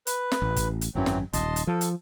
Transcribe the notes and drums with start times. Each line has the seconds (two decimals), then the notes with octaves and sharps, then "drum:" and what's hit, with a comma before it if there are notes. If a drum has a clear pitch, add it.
0.07 B4, drum: hi-hat
0.32 drum: snare
0.42 A1
0.56 drum: kick, hi-hat
0.81 drum: hi-hat
0.95 G#1 F#2 E3 F#3 C4 C#4
1.06 drum: snare
1.33 D#1 D#5 A5 C6, drum: kick, hi-hat
1.56 drum: hi-hat
1.67 F3 A4
1.81 drum: hi-hat